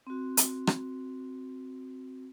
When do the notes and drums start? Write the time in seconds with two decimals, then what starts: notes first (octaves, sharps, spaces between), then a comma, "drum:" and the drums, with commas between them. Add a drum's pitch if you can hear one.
0.07 C4 F#4
0.37 drum: hi-hat
0.67 drum: rim click